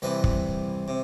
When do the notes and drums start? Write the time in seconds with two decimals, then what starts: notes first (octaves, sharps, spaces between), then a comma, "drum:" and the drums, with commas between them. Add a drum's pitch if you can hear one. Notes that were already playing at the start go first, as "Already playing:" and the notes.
0.02 C2 C3 E3 B4
0.24 drum: kick
0.88 C3